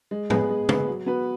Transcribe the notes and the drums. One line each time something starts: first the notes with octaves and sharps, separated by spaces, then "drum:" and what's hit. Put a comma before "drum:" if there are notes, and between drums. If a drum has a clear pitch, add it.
G#3
B3 G#4 B4, drum: tom
G#3
B3 G#4 B4, drum: tom
F#3
B3 F#4 B4